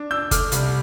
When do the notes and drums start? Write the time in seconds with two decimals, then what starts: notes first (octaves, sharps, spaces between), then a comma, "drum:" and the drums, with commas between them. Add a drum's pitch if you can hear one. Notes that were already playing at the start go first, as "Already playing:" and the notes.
Already playing: D4
0.11 D4 E6 G6
0.31 A3 D6 F6, drum: kick, hi-hat
0.52 C2, drum: hi-hat